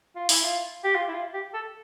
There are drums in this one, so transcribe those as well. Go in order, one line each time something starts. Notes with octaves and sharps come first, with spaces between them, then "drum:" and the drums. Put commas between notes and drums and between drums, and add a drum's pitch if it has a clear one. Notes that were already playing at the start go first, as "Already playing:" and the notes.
F4
E4, drum: open hi-hat
F4
G4
F4
E4
F4
G4
A4